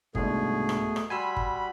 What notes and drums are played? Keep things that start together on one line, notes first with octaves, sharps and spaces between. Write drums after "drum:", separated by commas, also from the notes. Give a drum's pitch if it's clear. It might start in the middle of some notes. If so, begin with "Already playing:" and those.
C2 G#2 B2 A3 D4 G#4, drum: kick G1
drum: rim click
drum: rim click
G3 F#4 G#5 B5 C6 E6
drum: kick G1